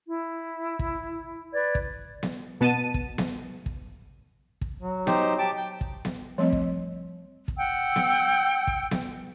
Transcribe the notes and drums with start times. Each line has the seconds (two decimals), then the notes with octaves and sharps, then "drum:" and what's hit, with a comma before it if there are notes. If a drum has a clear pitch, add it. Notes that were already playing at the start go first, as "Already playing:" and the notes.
0.06 E4
0.79 drum: kick
1.53 B4 D5 G#6
1.75 drum: kick
2.23 drum: snare B3
2.61 B2 B3 A5 D#7
2.94 drum: kick
3.18 drum: snare B3
3.66 drum: kick
4.61 drum: kick
4.81 F#3
5.07 D#4 G4 C5, drum: snare B3
5.39 G4 A5 D6
5.57 G5
5.81 drum: kick
6.05 drum: snare B3
6.38 F3 G3 A3 C4 D#5
6.52 drum: kick
7.48 drum: kick
7.58 F#5 G5 E6
7.96 drum: snare B3
8.67 drum: kick
8.91 drum: snare B3